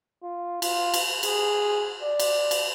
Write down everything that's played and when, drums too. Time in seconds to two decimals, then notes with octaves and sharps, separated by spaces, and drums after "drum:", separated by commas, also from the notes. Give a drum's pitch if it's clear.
0.23 F4
0.62 F4, drum: cymbal
0.94 drum: cymbal
1.23 G#4, drum: cymbal
2.03 D5
2.20 drum: cymbal
2.51 drum: cymbal